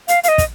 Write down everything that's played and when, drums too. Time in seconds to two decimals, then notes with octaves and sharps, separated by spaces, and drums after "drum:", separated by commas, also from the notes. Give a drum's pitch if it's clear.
0.08 F5, drum: hi-hat
0.23 F5, drum: hi-hat
0.28 D#5
0.38 drum: kick, hi-hat